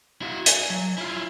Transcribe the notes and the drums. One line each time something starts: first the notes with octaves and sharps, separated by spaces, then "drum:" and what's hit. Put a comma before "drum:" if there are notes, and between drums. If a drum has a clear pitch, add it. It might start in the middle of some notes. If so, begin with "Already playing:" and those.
E4 F#4
G#5, drum: hi-hat
F#3
E4 F4